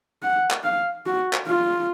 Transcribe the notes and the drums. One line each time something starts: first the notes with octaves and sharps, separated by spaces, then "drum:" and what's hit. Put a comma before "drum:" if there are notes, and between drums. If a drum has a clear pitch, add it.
F#5
drum: clap
F5
F#4
drum: clap
F4